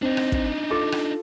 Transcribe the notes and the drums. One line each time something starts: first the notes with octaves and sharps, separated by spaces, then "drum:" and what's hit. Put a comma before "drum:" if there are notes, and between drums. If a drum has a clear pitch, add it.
C4 D4 D#4
drum: rim click
drum: kick
F4 A4 D6
drum: rim click